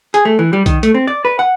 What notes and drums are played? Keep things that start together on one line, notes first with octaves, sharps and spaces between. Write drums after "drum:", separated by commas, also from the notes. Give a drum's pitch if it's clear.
G#4, drum: hi-hat
A3
E3
G3
D#3, drum: kick B1, hi-hat
A3, drum: hi-hat
C4
D5
B4
F#5